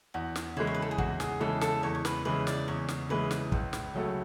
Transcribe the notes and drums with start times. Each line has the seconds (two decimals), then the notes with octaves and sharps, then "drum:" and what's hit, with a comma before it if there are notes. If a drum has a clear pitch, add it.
0.14 E2 F#4
0.36 drum: snare
0.57 C#3 E3 G#3 E4
0.67 C#5
0.75 B4
0.82 A4
0.91 G#4
0.98 E2 F#4, drum: kick
1.20 G#4, drum: snare
1.40 C#3 E3 G#3 A4
1.61 A4, drum: snare
1.83 E2 C#5
1.95 C#5
2.05 B4, drum: snare
2.25 C#3 E3 G#3 B4
2.47 D5, drum: snare
2.68 E2 C#5
2.88 drum: snare
3.09 C#3 E3 G#3 B4
3.31 drum: snare
3.52 C#2, drum: kick
3.73 drum: snare
3.94 C#3 F#3 A3